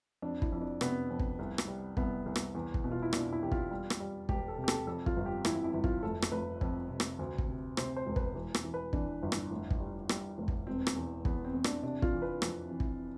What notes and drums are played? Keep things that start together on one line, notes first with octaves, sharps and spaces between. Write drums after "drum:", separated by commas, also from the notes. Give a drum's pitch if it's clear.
F2 D4
E4, drum: kick
F2
D4
C3 B3, drum: rim click
F2
drum: kick
C2
drum: rim click
G3
C2 B3, drum: kick
C2
drum: rim click
E2
drum: kick
B2
F4
E4
B2 D4, drum: rim click
E4
E2 G4
F4, drum: kick
G3
drum: rim click
G3
E1 G4, drum: kick
A4
C3
G4
A4, drum: rim click
F2 A4
F4, drum: kick
G1
G4
E3 E4, drum: rim click
E4
G1
F4, drum: kick
F1 A4
drum: rim click
F1 B4
F2, drum: kick
C3
drum: rim click
D2
drum: kick
C3
C3 C5, drum: rim click
C5
E1
B4, drum: kick
E3
drum: rim click
E3
B4
E3 D4, drum: kick
G1
drum: rim click
F1
drum: kick
G3
G3, drum: rim click
F1
drum: kick
E1 C4
drum: rim click
E2
E2 B3, drum: kick
C4
E2
D4, drum: rim click
C3 D4
F4, drum: kick
E3
B4
F2, drum: rim click
E3
drum: kick